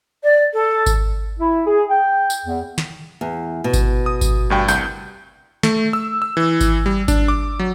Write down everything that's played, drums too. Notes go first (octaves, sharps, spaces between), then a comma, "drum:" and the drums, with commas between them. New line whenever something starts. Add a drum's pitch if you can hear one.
D5
A4
drum: kick G#1, tambourine
E4
G#4
G5
drum: tambourine
E2
drum: snare
E2
B2
drum: kick G#1, tambourine
D#6
drum: kick G#1, tambourine
D2 G2 G5
C2 G6, drum: tambourine
A3, drum: snare
E6
E6
E3
drum: kick G#1, tambourine
G3
D4, drum: kick G#1, tambourine
D6
F#3